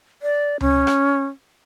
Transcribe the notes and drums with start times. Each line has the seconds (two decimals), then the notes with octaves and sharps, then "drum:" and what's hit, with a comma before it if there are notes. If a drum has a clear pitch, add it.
0.22 D5
0.61 C#4, drum: tom C#2
0.87 drum: rim click